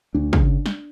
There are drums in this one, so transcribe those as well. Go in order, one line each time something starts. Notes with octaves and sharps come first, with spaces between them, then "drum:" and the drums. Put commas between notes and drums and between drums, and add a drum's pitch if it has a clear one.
D2 D4
C#3, drum: kick
drum: snare